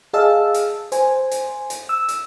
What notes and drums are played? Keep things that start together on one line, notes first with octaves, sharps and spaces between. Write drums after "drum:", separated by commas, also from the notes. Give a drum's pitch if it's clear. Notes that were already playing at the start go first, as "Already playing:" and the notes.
G#4 D#5 F5 A5 E6
drum: hi-hat
C5 G#5, drum: hi-hat
drum: hi-hat
drum: hi-hat
E6
drum: hi-hat